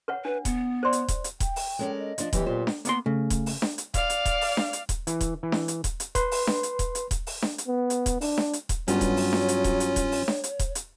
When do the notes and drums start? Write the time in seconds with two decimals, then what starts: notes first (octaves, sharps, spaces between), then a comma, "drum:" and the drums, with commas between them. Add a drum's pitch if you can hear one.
0.08 B4 C#5 F#5
0.25 D4 B4
0.45 B3, drum: kick D#1, hi-hat
0.83 C5 D5 C6
0.93 drum: hi-hat
1.08 drum: kick D#1, hi-hat
1.24 drum: hi-hat
1.40 G5, drum: kick D#1, hi-hat
1.56 drum: open hi-hat
1.79 G#3 C#4 A4 A#4 D5
1.98 D#5
2.18 F3 D4 F4, drum: hi-hat
2.33 F#2 E3 F#3 G3 B3 G4, drum: kick D#1, hi-hat
2.46 A#2 C5
2.67 drum: snare D4
2.85 A#3 B3 C6, drum: hi-hat
3.06 C#3 A3
3.30 drum: kick D#1, hi-hat
3.46 drum: open hi-hat
3.62 drum: snare D4
3.78 drum: hi-hat
3.94 D5 F5, drum: kick D#1, hi-hat
4.10 drum: hi-hat
4.25 drum: kick D#1, hi-hat
4.41 drum: open hi-hat
4.57 drum: snare D4
4.73 drum: hi-hat
4.89 drum: kick D#1, hi-hat
5.07 E3, drum: hi-hat
5.21 drum: kick D#1, hi-hat
5.43 E3
5.52 drum: snare D4
5.68 drum: hi-hat
5.84 drum: kick D#1, hi-hat
6.00 drum: hi-hat
6.15 B4 C6, drum: kick D#1, hi-hat
6.31 drum: open hi-hat
6.47 drum: snare D4
6.63 drum: hi-hat
6.79 drum: kick D#1, hi-hat
6.95 drum: hi-hat
7.11 drum: kick D#1, hi-hat
7.27 drum: open hi-hat
7.42 drum: snare D4
7.58 drum: hi-hat
7.68 B3
7.90 drum: hi-hat
8.06 drum: kick D#1, hi-hat
8.21 D4, drum: open hi-hat
8.38 drum: snare D4
8.53 drum: hi-hat
8.69 drum: kick D#1, hi-hat
8.88 G2 F#3 G3 B3 C#4 F4 C#5, drum: hi-hat
9.01 drum: kick D#1, hi-hat
9.17 drum: open hi-hat
9.33 drum: snare D4
9.48 drum: hi-hat
9.64 drum: kick D#1, hi-hat
9.80 drum: hi-hat
9.96 drum: kick D#1, hi-hat
10.12 drum: open hi-hat
10.28 drum: snare D4
10.44 drum: hi-hat
10.59 drum: kick D#1, hi-hat
10.75 drum: hi-hat